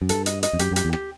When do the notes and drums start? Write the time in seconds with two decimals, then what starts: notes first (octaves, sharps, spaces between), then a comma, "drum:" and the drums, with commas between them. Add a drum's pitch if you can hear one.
0.02 F#2
0.09 G2 A4, drum: hi-hat
0.26 D#5, drum: hi-hat
0.43 D#5, drum: hi-hat
0.53 F2
0.59 F#2 G4, drum: hi-hat
0.71 F#2
0.76 G4, drum: hi-hat
0.85 E2
0.93 G4, drum: rim click